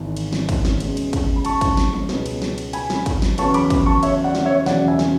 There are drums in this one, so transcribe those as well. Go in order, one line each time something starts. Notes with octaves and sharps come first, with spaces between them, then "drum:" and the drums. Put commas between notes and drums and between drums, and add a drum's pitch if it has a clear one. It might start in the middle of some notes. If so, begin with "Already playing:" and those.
Already playing: G#1 G#2 E3 B3
drum: cymbal
drum: snare
drum: kick, cymbal
drum: snare
E1 E2 C#3 G#3, drum: cymbal
drum: cymbal
drum: kick, cymbal
B5
A5 C#6, drum: cymbal
drum: kick, cymbal
drum: snare
drum: tom
C#2 B2 G#3 B3, drum: snare
drum: cymbal
drum: snare
drum: cymbal
G#5 B5, drum: cymbal
drum: snare
drum: kick, cymbal
drum: snare
E2 C#3 F#3 B3 A5 C#6, drum: cymbal
B5 D6, drum: cymbal
drum: kick, cymbal
A5 C#6
C#5 E5, drum: cymbal
D5 F#5
drum: snare
C#5 E5
E1 E2 C#3 F#3 D5 F#5, drum: snare
E5 G#5
drum: snare